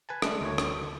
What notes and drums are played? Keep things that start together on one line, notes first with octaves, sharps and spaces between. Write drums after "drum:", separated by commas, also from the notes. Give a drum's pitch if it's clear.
B4 G#5 A5
G#3 A3 D4, drum: rim click
D2 C#5
drum: rim click